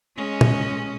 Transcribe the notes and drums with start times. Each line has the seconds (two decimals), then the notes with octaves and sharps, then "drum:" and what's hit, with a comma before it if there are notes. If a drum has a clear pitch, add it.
0.17 G#3 C#4
0.41 drum: tom